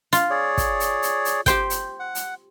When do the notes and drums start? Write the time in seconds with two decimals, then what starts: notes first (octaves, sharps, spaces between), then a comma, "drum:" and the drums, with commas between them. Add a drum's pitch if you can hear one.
0.13 F4, drum: hi-hat
0.30 G#4 C#5 D5
0.58 drum: kick, hi-hat
0.80 drum: hi-hat
1.02 drum: hi-hat
1.25 drum: hi-hat
1.46 G4 C5 G5, drum: kick, hi-hat
1.70 drum: hi-hat
2.00 F#5
2.15 drum: hi-hat